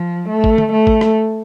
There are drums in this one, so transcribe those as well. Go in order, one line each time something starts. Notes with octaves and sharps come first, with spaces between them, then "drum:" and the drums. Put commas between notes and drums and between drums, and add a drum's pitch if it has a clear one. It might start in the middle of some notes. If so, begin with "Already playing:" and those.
Already playing: F3
A3
drum: kick G#1
drum: tom
A3
drum: kick G#1
drum: rim click